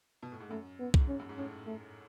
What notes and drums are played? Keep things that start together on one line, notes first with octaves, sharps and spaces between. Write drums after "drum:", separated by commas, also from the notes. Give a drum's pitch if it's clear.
B2
A2
G#2
F#2 A3
B3
G#2, drum: kick C2
C#4
F#2
G#2
A2 C#4
A3